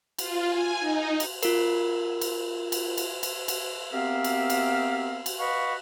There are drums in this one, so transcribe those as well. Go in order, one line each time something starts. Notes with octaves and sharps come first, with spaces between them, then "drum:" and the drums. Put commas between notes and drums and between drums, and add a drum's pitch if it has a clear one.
F4, drum: cymbal
G#5
D#4
drum: cymbal
F4 A#4, drum: cymbal
drum: cymbal
drum: cymbal
drum: cymbal
drum: cymbal
drum: cymbal
B3 C4 G4 A#4 E5 F5
drum: cymbal
drum: cymbal
drum: cymbal
B4 D#5 F5 F#5 B5 C#6